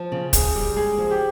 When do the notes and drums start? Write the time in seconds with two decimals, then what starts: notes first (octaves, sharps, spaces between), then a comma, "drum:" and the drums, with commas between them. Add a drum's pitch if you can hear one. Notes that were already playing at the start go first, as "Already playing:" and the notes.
Already playing: F3
0.12 C#3
0.33 C#4 G#4, drum: kick, hi-hat
0.55 G3
0.76 G#3 G#4
0.98 F3
1.11 G4